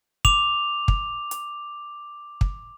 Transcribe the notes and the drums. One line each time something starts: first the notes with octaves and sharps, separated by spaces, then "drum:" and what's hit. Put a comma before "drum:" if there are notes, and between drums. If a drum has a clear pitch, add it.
D6 F7, drum: kick
drum: kick
drum: hi-hat
drum: kick